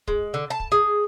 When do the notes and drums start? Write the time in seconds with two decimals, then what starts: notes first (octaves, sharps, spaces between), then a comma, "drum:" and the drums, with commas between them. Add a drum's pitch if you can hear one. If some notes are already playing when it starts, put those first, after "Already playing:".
0.08 G#3, drum: kick
0.34 D3
0.50 A5
0.60 drum: kick
0.72 G#4